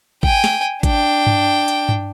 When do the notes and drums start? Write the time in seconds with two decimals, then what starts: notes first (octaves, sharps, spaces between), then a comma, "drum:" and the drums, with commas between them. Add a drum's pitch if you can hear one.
0.23 G5 G#5, drum: kick
0.44 drum: snare
0.83 D4 G5, drum: kick, hi-hat
1.27 drum: tom G2
1.68 drum: hi-hat
1.89 drum: tom G2